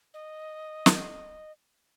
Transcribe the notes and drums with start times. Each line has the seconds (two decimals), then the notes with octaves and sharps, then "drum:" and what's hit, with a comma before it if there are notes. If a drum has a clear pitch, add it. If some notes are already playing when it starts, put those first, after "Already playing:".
0.14 D#5
0.86 drum: snare